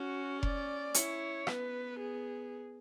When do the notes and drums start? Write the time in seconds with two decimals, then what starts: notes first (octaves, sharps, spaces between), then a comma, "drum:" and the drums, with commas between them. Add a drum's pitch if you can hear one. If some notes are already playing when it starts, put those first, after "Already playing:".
Already playing: C#4 F#4
0.43 D5, drum: kick F1
0.94 E4 C#5, drum: hi-hat
1.47 B3 B4, drum: rim click
2.00 G#4